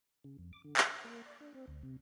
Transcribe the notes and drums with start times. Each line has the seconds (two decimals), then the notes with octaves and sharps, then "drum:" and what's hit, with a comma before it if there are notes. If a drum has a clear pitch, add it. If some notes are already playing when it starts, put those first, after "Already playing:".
0.24 C#3
0.38 F2
0.53 D6
0.65 D3
0.77 F#5, drum: clap
0.90 F#5
1.04 A#3
1.26 D5
1.40 D4
1.54 C4
1.68 D2
1.83 C3